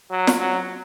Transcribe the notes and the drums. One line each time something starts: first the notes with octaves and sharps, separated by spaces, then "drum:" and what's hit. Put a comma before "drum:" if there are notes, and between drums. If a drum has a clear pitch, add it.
F#3
drum: snare
F#3